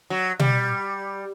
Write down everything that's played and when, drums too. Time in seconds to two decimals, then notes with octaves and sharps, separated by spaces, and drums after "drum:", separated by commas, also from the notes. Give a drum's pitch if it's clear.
0.10 F#3
0.39 G3, drum: tom B2